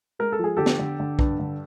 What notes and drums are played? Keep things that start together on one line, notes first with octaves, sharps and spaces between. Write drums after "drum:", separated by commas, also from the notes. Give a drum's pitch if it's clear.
G#3 A#4
A4
F3 G#4
D3 G4 A4
drum: snare
D3
D3
G2, drum: kick B1
D3